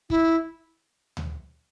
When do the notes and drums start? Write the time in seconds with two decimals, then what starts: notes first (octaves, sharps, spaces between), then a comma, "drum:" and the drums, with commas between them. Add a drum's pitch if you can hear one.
0.10 E4, drum: kick
1.17 drum: tom D2